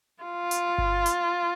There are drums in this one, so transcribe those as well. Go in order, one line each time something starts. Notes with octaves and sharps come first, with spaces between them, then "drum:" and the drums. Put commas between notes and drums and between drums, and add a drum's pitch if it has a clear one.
F4
drum: hi-hat
drum: kick G1
drum: hi-hat